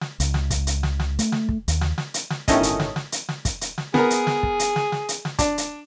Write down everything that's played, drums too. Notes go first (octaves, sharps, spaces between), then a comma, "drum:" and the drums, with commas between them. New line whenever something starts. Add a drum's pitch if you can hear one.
drum: snare
C#2, drum: hi-hat
drum: snare
drum: kick, hi-hat
drum: hi-hat
drum: snare
drum: snare
A3, drum: hi-hat
drum: snare
drum: kick
D#2, drum: hi-hat
drum: snare
drum: snare
drum: hi-hat
drum: snare
G1 A2 D#3 A3 C#4 D#5, drum: kick, hi-hat
drum: hi-hat
drum: snare
drum: snare
drum: hi-hat
drum: snare
drum: kick, hi-hat
drum: hi-hat
drum: snare
B3 G#4 A#4, drum: snare
drum: hi-hat
drum: snare
drum: kick
drum: hi-hat
drum: snare
drum: snare
drum: hi-hat
drum: snare
D4, drum: kick, hi-hat
drum: hi-hat